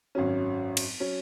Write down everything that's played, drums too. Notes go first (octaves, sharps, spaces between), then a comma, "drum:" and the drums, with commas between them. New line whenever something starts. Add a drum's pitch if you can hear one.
G#1 F#2 F#3 C#4
drum: cymbal
F#3 C#4